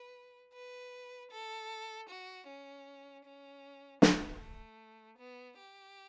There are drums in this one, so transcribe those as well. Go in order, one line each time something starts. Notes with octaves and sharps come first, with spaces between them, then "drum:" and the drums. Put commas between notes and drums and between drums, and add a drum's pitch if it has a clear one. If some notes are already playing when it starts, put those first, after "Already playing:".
Already playing: B4
B4
A4
F#4
C#4
C#4
B3, drum: snare
A3
B3
G4